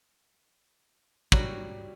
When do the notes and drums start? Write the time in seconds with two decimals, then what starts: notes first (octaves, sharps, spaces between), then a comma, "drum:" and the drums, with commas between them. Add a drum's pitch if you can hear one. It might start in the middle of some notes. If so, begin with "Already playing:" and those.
1.32 F#3 G3 F#4, drum: kick